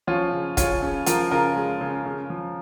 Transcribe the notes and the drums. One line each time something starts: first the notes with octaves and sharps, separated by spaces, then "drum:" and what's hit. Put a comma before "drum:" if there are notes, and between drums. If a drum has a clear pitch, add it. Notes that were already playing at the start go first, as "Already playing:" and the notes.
F3 C#4 F4
C#3
C#3 C#4 F4, drum: kick, hi-hat
C#3
F3 F4 A#4, drum: hi-hat
C#3 F4 A#4
G#3
C#3
C#3
F3